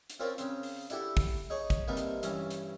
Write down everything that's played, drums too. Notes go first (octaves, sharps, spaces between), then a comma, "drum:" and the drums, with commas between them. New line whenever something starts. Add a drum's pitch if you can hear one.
drum: hi-hat
C4 C#4 F4 A#4 D5
C#3 C4, drum: hi-hat
drum: open hi-hat
D4 E4 G4 A4 F#5, drum: hi-hat
drum: kick, open hi-hat
D#4 G#4 C#5
drum: kick, hi-hat
C3 G3 A#3 D4 D#4 B4
drum: hi-hat
G2 E3 C#4, drum: hi-hat
drum: hi-hat